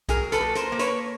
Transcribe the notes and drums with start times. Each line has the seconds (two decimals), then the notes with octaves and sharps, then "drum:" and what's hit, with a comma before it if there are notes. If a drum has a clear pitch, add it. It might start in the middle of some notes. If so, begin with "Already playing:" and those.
0.09 F#3 G#4 A#4, drum: kick B1, hi-hat
0.32 A4 B4, drum: hi-hat
0.41 A#2
0.55 A#4 C5, drum: hi-hat
0.72 A#3
0.79 B4 C#5, drum: hi-hat